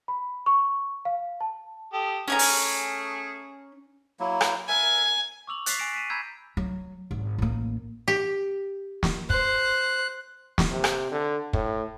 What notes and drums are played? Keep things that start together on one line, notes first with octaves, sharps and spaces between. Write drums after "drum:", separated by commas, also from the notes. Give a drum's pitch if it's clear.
B5
C#6
F5
A5
G4 A4 D#6
A3 C#4 G#4 G#5 A#5
drum: open hi-hat
F#3 A#3 E4
drum: rim click
A#4 E5 G#5
C#6 D6 E6 F7 F#7
F#6 A6 B6 C7, drum: hi-hat
G#5 A#6 D7 E7 F7
B6 D#7 E7
A#5 B5 E6 G6 G#6 B6
F#3
G#1
A1 A#3
G4
drum: snare
C5 F#6, drum: kick
drum: snare
C3
drum: rim click
D3
A2, drum: kick